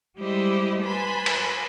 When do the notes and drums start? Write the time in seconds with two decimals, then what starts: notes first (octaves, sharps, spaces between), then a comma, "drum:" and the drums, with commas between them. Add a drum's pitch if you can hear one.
0.18 G3 G#3 E4 G4 C5 D#5
0.83 B4 G#5 A5 B5 C6
1.26 drum: cymbal